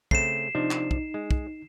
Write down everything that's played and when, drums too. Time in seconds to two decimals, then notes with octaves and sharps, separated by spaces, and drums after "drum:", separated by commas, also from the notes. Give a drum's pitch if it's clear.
0.11 C#3 A3 C4 C7 E7, drum: kick
0.55 C3 F3 D4 D#4
0.71 drum: clap
0.91 drum: kick
1.14 G#3
1.31 drum: kick